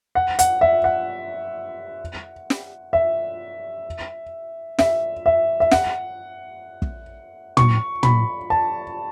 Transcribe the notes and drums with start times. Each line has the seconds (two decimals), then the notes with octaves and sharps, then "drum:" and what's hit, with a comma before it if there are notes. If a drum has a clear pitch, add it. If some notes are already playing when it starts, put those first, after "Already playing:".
0.15 F#5
0.39 F#5, drum: hi-hat
0.61 E5
0.84 F#5
2.50 drum: snare
2.93 E5
4.79 E5, drum: snare
5.26 E5
5.60 E5
5.71 F#5, drum: snare
6.82 drum: kick
7.57 C#6, drum: tom
8.03 B5, drum: tom
8.50 A5